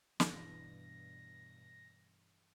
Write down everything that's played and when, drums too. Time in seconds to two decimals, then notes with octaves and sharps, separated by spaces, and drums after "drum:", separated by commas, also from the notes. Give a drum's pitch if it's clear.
0.20 G2 B2 E3 D4 A#6, drum: snare